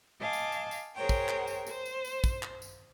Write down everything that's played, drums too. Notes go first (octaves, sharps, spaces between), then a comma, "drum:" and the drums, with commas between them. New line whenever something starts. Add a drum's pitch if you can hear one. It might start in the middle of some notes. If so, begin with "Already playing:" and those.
D#5 F5 G#5 A5 D6
drum: tambourine
drum: tambourine
drum: tambourine
G#4 A#4 C5 C#5 G5
drum: kick, tambourine
drum: clap
drum: tambourine
C5, drum: tambourine
drum: tambourine
drum: tambourine
drum: kick, tambourine
drum: clap
drum: tambourine